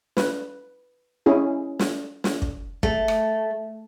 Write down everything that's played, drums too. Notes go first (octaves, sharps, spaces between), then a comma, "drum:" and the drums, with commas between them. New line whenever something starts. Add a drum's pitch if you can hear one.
B4, drum: snare
C#4 E4 G#4
drum: snare
drum: snare
drum: kick
A3, drum: kick
drum: rim click